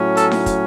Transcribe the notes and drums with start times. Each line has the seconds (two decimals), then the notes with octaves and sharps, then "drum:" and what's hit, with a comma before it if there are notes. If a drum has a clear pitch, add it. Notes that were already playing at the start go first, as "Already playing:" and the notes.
Already playing: A2 F#3 C#4
0.17 A4, drum: hi-hat
0.31 drum: snare D#4
0.46 drum: kick, hi-hat